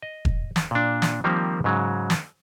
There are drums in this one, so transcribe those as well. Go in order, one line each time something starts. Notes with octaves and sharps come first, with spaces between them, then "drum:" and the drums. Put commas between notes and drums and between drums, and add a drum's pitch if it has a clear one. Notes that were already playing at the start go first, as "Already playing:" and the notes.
D#5
drum: kick E1
drum: snare
A#2 D4
drum: snare
D#3 F3 G3 A#3 C4
G#2 C#3 F#3 G#3
drum: snare